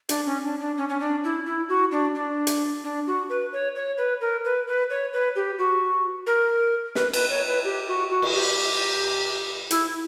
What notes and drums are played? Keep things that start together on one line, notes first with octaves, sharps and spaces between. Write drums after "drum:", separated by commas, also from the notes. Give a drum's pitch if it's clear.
D4, drum: hi-hat
C#4
D4
D4
C#4
C#4
D4
E4
E4
F#4
D4
D4
drum: hi-hat
D4
F#4
B4
C#5
C#5
B4
A#4
B4
B4
C#5
B4
G4
F#4
A#4
B4, drum: snare
B4, drum: cymbal
C#5
B4
G4
F#4
F#4
drum: cymbal
G4
E4, drum: hi-hat